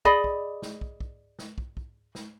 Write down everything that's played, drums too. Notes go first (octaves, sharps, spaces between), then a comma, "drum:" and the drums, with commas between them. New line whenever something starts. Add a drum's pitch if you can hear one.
G#4 D5 D#5 B5, drum: kick
drum: kick
drum: snare
drum: kick
drum: kick
drum: snare
drum: kick
drum: kick
drum: snare